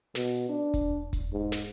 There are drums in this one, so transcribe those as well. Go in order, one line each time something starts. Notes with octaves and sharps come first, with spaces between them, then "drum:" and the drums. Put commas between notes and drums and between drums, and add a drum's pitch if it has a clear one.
B2, drum: snare
drum: hi-hat
D4
drum: kick E1, hi-hat
drum: kick E1, hi-hat
G#2
drum: snare